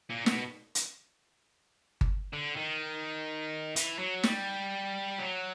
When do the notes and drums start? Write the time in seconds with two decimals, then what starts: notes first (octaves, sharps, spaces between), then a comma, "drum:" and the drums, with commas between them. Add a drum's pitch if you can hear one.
0.10 A#2
0.26 B2, drum: snare
0.75 drum: hi-hat
2.01 drum: kick G1
2.33 D3
2.57 D#3
3.76 E3, drum: hi-hat
3.99 F#3
4.23 G3, drum: snare
5.19 F#3